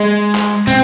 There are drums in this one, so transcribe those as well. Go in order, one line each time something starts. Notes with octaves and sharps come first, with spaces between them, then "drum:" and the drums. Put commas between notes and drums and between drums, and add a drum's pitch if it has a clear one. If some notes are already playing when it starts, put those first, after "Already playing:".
Already playing: G#3
drum: clap
C4, drum: tom